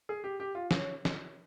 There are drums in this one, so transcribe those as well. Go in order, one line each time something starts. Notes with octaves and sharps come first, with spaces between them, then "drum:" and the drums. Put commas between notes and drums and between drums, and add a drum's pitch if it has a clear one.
G#4
G4
G4
F4
C#4, drum: snare
drum: snare